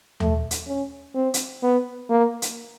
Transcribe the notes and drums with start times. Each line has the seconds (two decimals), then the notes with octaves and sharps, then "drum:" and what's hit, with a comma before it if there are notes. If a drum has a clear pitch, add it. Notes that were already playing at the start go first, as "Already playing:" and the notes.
0.20 A3, drum: tom D#2
0.51 drum: hi-hat
0.68 C#4
1.15 C4
1.34 drum: hi-hat
1.63 B3
2.10 A#3
2.42 drum: hi-hat